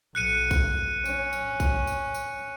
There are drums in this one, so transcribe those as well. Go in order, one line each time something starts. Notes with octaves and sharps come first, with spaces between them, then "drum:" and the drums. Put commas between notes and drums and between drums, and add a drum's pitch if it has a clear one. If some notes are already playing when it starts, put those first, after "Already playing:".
B1 F#6 C#7 D#7
drum: kick A#1, tambourine
C#4, drum: tambourine
drum: tambourine
drum: kick A#1, tambourine
drum: tambourine
drum: tambourine